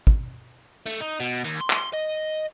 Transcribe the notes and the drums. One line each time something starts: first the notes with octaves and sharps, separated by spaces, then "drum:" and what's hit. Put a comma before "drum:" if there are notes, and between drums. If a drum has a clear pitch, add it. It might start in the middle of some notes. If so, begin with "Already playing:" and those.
drum: kick
A3, drum: hi-hat
D#4
B2
D#2
C6
drum: clap
D#5